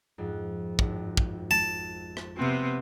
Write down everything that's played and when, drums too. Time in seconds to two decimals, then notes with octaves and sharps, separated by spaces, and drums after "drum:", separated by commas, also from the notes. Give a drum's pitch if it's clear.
0.18 F2 G#2
0.79 G#1, drum: kick
1.17 drum: kick
1.51 A5
2.17 drum: rim click
2.37 C3 B3 C4 F#4